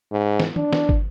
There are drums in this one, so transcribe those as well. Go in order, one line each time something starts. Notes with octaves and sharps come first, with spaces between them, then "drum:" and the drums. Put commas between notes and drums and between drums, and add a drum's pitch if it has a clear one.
G#2
drum: snare
D4, drum: tom
drum: snare
drum: kick